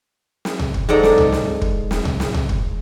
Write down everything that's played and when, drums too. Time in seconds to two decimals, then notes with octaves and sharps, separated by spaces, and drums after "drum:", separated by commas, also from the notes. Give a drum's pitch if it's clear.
0.45 drum: snare
0.59 drum: tom
0.74 drum: kick
0.89 G#2 A4 D5 A#5
1.03 drum: snare
1.18 drum: tom
1.32 drum: snare
1.62 drum: kick
1.91 drum: snare
2.05 drum: tom
2.20 drum: snare
2.34 drum: tom
2.49 drum: kick